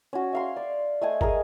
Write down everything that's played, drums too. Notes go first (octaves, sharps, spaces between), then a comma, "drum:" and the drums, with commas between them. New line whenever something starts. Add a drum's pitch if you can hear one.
C#4 F#4
E5 F5 C6
D5
A3 D#5 G#5
G#4 A#4, drum: kick